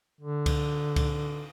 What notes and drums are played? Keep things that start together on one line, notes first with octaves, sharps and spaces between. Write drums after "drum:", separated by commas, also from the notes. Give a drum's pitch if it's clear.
D3
drum: kick C#2, cymbal
drum: kick C#2, cymbal